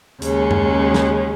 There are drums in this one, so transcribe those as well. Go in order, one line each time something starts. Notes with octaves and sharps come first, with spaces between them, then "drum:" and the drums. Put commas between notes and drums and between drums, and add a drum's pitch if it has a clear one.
D#2 C#3 G#3 C#4, drum: hi-hat
drum: tom F#2
drum: snare